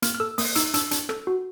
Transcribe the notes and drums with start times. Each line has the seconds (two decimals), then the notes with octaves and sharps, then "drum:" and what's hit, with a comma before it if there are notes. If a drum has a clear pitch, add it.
0.02 A#3 F6, drum: hi-hat
0.15 F6
0.20 A4 E6
0.38 A#3 D#6, drum: open hi-hat
0.55 D#4 E6, drum: hi-hat
0.74 D4 E6, drum: hi-hat
0.91 D4, drum: hi-hat
1.09 A4, drum: rim click
1.27 F#4